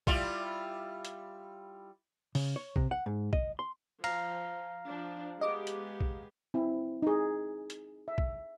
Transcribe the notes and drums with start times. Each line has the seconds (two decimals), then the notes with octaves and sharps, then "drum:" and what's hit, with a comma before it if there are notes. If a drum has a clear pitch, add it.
0.07 G3 E4 F4, drum: kick A#1
1.05 drum: hi-hat
2.35 C#3, drum: open hi-hat
2.56 C#5
2.76 C3, drum: kick A#1
2.91 F#5
3.06 G#2
3.33 D#5, drum: kick A#1
3.59 C6
4.04 F3 F5 A#5, drum: cymbal
4.85 F3 D4
5.41 G#3 B3 G4 D#5 D6
5.67 drum: hi-hat
6.01 drum: kick A#1
6.54 C4 E4
7.02 D#4 G#4
7.70 drum: hi-hat
8.08 E5
8.18 drum: kick A#1